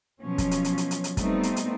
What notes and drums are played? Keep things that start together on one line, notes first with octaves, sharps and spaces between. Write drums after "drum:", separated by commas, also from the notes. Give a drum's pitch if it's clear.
B2 F3 F#3 C#4
drum: kick, hi-hat
drum: hi-hat
drum: hi-hat
drum: hi-hat
drum: hi-hat
drum: hi-hat
G3 A3 B3 C4 D#4, drum: kick, hi-hat
drum: hi-hat
drum: hi-hat